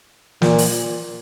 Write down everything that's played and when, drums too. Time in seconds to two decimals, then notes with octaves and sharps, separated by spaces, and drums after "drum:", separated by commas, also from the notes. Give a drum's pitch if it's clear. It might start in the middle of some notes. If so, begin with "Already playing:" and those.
0.42 A#2, drum: snare
0.58 drum: open hi-hat